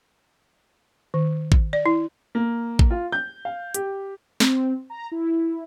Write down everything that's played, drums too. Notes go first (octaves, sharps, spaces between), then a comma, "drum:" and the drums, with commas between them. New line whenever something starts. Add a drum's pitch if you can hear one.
D#3
drum: kick
D5
E4
A#3
drum: kick
F4
G6
F5
G4, drum: hi-hat
C4, drum: snare
A#5
E4